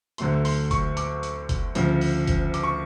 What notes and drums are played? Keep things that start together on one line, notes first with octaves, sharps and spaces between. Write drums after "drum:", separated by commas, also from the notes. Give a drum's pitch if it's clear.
D2 D3 F#3 A3 C6, drum: hi-hat
C6, drum: open hi-hat
C#6, drum: kick F#1, hi-hat
D6, drum: hi-hat
drum: hi-hat
drum: kick F#1, hi-hat
D2 C#3 F3, drum: hi-hat
drum: open hi-hat
drum: kick F#1, hi-hat
D6, drum: hi-hat
C#6